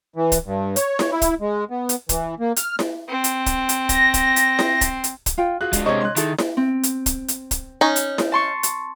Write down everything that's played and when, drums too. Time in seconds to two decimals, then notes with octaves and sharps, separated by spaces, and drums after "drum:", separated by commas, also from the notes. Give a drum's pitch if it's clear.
0.16 E3
0.32 drum: kick, hi-hat
0.45 G2
0.76 C#5, drum: hi-hat
0.99 drum: snare E4
1.11 E4
1.22 drum: kick, hi-hat
1.41 G#3
1.71 B3
1.89 drum: hi-hat
2.09 E3, drum: kick, hi-hat
2.40 A#3
2.56 F6, drum: hi-hat
2.79 drum: snare E4
3.09 C4
3.24 drum: hi-hat
3.46 drum: kick, hi-hat
3.69 drum: hi-hat
3.89 A#6, drum: kick, hi-hat
4.14 drum: kick, hi-hat
4.36 drum: hi-hat
4.59 drum: snare E4
4.81 drum: kick, hi-hat
5.04 drum: hi-hat
5.26 drum: kick, hi-hat
5.38 F4 G5
5.61 F4 F#4 G#4 F#6
5.73 G#3 D4, drum: kick, hi-hat
5.86 C3 C5 C#5 D#5 C#6
6.01 C6 F#6
6.16 D#3 E4 G#4 A4, drum: hi-hat
6.38 drum: snare E4
6.57 C4
6.83 drum: hi-hat
7.06 drum: kick, hi-hat
7.28 drum: hi-hat
7.51 drum: kick, hi-hat
7.81 C#4 D#4
7.96 drum: hi-hat
8.18 drum: snare E4
8.32 A5 C6 C#6
8.63 drum: hi-hat